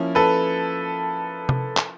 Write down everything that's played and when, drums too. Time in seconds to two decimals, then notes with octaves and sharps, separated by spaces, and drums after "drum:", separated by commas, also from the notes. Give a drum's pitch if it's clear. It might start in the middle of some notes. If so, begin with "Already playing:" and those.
Already playing: F3 A#3 C#4 E4
0.15 A4 B4
1.49 drum: tom C3
1.77 drum: clap